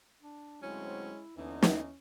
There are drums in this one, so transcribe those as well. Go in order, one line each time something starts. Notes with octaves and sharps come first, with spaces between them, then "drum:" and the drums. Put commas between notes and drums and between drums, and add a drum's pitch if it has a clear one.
D4
D2 F#3 G#3 C4 C#4 E4
D#2 D3 E3 B3 C#4 D#4
drum: snare